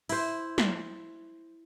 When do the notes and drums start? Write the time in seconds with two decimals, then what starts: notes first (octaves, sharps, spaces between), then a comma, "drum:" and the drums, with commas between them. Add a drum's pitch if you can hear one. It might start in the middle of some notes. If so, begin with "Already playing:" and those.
0.09 E4 C5, drum: open hi-hat
0.58 drum: snare